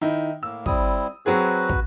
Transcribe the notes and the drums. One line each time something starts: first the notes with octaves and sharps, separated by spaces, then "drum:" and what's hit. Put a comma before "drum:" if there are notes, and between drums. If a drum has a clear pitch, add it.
D#3 D#4 E4
A2 A#3 E6
G3 C4 E4 D#6, drum: kick
F#3 C4 F#4 G#4 B4
drum: kick